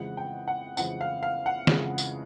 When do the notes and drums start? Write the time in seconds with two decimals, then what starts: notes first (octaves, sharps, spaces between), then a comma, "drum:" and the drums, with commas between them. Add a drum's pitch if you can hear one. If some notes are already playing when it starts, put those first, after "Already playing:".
Already playing: F2 C#3 E3 G#3 F#5
0.17 G5
0.48 F#5
0.77 F2 C#3 E3 G#3 F#5, drum: tambourine
1.01 F5
1.23 F5
1.46 F#5
1.67 F2 C#3 E3 G#3, drum: snare
1.98 drum: tambourine